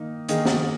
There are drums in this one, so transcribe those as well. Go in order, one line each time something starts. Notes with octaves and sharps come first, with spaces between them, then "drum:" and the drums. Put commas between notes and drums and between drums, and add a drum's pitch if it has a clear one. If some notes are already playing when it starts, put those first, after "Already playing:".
Already playing: D#3 A#3 D#4
D#3 A#3 D#4 G#4, drum: hi-hat
drum: snare